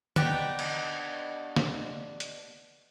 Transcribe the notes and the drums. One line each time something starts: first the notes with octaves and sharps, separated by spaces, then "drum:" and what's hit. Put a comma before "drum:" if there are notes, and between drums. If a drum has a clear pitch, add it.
B3 D4 D#4 G4, drum: tom D3
drum: cymbal
drum: snare
drum: hi-hat